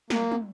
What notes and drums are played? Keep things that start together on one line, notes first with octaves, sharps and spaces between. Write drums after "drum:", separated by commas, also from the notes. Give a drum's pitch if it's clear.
A#3, drum: snare
drum: tom